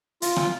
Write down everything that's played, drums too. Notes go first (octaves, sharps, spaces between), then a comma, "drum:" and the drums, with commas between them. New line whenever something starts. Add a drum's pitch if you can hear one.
F4, drum: hi-hat
drum: rim click